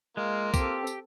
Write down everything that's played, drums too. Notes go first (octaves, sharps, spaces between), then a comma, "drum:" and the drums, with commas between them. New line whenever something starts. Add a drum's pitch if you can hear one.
G#3 A#3 F4
C4 G4 A4, drum: kick, tambourine
drum: tambourine